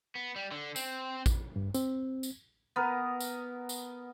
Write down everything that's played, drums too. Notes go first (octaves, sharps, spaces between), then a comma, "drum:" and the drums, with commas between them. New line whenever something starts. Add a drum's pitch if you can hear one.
B3
G3
D3
C4, drum: tambourine
drum: kick A1, tambourine
G2
C4, drum: tambourine
drum: tambourine
B3 A#4
drum: tambourine
drum: tambourine